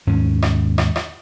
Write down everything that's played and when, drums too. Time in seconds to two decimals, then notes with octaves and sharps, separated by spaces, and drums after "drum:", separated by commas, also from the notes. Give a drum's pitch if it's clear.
0.07 D#2 G#2 C#4
0.42 drum: rim click
0.78 drum: rim click
0.96 drum: rim click